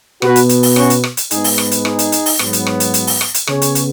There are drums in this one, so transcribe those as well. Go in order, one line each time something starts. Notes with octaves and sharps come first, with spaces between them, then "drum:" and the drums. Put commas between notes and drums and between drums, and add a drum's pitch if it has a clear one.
B2 B3 F#4 B4, drum: rim click
drum: hi-hat
drum: hi-hat
drum: open hi-hat
C#4 F#4, drum: rim click
drum: hi-hat
drum: rim click
drum: hi-hat
G#2 G#3 B3 D#4 G#4, drum: hi-hat
drum: open hi-hat
drum: rim click
drum: hi-hat
D#4 G#4, drum: rim click
drum: hi-hat
drum: hi-hat
drum: open hi-hat
G#2 F#3 B3, drum: rim click
drum: hi-hat
drum: rim click
drum: hi-hat
drum: hi-hat
drum: open hi-hat
drum: rim click
drum: hi-hat
C#3 B3 G#4 C#5, drum: rim click
drum: hi-hat
drum: hi-hat